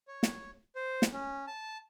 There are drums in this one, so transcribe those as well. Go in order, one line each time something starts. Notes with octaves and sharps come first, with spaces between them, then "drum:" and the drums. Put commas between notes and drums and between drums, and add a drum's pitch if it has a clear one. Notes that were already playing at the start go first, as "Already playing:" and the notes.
C#5
drum: snare
C5
drum: snare
C#4
A5